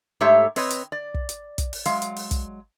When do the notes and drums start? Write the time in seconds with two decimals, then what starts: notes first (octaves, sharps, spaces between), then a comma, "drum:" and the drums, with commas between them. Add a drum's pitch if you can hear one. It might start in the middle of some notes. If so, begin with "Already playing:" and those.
0.21 G#2 A3 G4 A4 C#5 E5
0.56 C4 B4 C#5 D#5, drum: open hi-hat
0.71 drum: hi-hat
0.92 D5
1.14 drum: kick
1.29 drum: hi-hat
1.58 drum: kick, hi-hat
1.73 drum: open hi-hat
1.86 F#3 G#3 F5, drum: hi-hat
2.02 drum: hi-hat
2.16 drum: open hi-hat
2.31 drum: kick, hi-hat